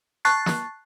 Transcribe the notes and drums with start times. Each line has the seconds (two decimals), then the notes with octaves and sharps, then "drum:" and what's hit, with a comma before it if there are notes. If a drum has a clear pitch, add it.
0.25 A5 C#6 F#6 A6 C7
0.46 drum: snare